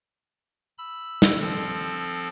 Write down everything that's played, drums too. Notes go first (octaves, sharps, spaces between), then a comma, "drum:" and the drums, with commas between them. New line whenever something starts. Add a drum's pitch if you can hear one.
B5 E6
drum: snare
F3 C4 A4